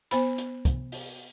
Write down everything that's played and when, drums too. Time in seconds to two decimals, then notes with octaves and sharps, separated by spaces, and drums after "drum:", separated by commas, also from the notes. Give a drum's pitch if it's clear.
0.11 B3 C5 B5, drum: hi-hat
0.38 drum: hi-hat
0.65 drum: kick, hi-hat
0.92 drum: open hi-hat